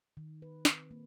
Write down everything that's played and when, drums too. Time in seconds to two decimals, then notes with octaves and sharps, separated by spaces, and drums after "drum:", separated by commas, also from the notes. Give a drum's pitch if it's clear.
0.17 D#3
0.42 B4
0.65 C4, drum: snare
0.91 A#3